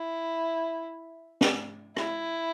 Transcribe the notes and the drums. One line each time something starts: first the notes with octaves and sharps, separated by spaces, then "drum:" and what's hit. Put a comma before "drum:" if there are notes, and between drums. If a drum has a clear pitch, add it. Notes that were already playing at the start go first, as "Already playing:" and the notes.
Already playing: E4
drum: snare
E4, drum: rim click